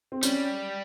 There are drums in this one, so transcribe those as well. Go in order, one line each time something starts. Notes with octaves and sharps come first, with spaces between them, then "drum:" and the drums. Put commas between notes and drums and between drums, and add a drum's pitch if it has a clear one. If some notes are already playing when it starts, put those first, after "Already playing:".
C4
G3 C#4, drum: tambourine